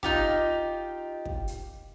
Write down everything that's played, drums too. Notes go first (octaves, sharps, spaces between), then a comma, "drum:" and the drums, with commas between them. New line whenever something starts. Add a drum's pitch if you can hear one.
D#4 F4 G4, drum: kick
drum: kick
drum: hi-hat